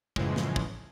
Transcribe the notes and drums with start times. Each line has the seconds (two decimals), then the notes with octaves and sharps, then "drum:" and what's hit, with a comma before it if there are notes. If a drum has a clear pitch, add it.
0.16 F#2 A2 C#3 E3 F3 G#3, drum: kick
0.36 drum: snare
0.56 drum: kick